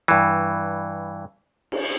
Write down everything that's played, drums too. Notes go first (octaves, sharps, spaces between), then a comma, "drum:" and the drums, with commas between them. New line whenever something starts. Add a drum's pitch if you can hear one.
G2 E3
drum: cymbal